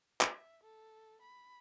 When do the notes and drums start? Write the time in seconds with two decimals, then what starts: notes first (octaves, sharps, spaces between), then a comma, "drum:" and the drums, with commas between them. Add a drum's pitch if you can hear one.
0.21 E5, drum: clap
0.64 A4
1.22 B5